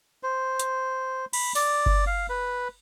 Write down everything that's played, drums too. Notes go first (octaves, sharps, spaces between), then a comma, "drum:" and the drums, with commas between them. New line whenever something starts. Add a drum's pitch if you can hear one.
C5
drum: hi-hat
B5, drum: cymbal
D5, drum: open hi-hat
drum: kick G1
F5
B4